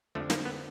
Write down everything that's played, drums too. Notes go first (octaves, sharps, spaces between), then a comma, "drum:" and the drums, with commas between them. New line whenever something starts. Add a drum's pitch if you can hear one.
F2 D3 F3 A3
A#3, drum: snare
B3